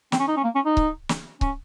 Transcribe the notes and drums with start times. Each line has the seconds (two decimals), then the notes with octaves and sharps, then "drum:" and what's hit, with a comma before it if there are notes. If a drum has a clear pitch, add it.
0.12 C4, drum: snare
0.19 C#4
0.28 D#4
0.37 C#4
0.44 A#3
0.55 C#4
0.65 D#4
0.77 drum: kick C#1
1.09 drum: snare
1.41 C#4, drum: kick C#1